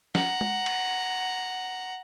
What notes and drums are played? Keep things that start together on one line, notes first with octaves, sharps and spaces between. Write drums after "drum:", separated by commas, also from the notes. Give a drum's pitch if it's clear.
F#5 A#5, drum: snare
drum: tom
drum: cymbal